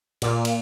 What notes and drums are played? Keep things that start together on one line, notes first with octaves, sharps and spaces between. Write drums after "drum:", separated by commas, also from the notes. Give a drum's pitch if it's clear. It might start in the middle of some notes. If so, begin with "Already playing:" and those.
A#2, drum: cymbal
drum: cymbal